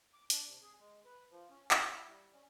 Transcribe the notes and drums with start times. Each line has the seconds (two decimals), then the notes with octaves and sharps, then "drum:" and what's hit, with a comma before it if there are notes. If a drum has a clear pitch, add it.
0.14 D6
0.30 D4, drum: hi-hat
0.46 C3
0.62 G#4
0.80 G#3
1.05 B4
1.31 F3
1.50 C#4
1.71 G3, drum: clap
1.95 E4
2.09 G3
2.33 C#4